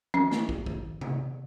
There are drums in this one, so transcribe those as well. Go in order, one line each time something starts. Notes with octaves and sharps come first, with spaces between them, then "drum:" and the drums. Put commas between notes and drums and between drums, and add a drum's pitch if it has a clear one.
C#4, drum: tom E3
drum: snare
drum: kick
drum: kick
drum: tom C3